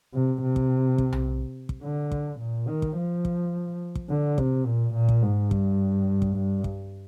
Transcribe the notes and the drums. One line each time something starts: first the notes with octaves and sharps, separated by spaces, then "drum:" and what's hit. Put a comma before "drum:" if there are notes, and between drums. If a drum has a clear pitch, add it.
C3
C3
drum: kick
drum: kick
drum: tom B1
drum: kick
D3
drum: kick
A#2
D#3
drum: kick
F3
drum: kick
drum: kick
D3
C3, drum: kick
A#2
A#2
drum: kick
G#2
G2, drum: kick
drum: kick
G2
drum: kick